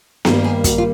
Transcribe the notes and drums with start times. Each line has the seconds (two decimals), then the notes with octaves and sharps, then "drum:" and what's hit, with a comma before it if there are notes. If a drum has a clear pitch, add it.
0.25 G2 D#3 G3 A#3 F4, drum: snare B3
0.44 G#4
0.64 F#4, drum: kick, hi-hat
0.78 F4